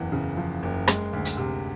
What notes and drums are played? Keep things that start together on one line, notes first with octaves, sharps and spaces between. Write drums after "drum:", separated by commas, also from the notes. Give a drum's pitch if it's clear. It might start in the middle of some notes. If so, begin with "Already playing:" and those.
Already playing: F#1 E2
C#3
F3
F#1
G#3, drum: rim click
D2
drum: hi-hat
C3